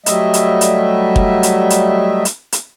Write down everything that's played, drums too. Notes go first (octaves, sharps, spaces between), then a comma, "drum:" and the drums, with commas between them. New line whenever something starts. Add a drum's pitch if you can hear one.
F#3 G3 A3 D#5 E5, drum: hi-hat
drum: hi-hat
drum: hi-hat
drum: kick
drum: hi-hat
drum: hi-hat
drum: hi-hat
drum: hi-hat